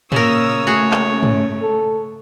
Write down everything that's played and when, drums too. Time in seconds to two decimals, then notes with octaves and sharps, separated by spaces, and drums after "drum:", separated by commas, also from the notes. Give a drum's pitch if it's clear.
0.12 A#2 C#3 A#4 C#5 D#6 E6, drum: tom
0.67 A3 F#4 G#4
0.92 drum: clap
1.11 C#4
1.23 drum: tom
1.62 A4